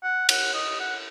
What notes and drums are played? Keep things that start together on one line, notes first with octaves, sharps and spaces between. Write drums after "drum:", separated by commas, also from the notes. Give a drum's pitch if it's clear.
F#5
F#5, drum: cymbal
D#5
F#5